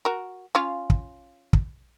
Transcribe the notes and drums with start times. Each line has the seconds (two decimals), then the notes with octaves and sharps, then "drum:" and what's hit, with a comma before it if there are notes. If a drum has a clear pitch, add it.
0.05 F#4 A#4
0.55 C#4 F4 F5
0.90 drum: kick
1.53 drum: kick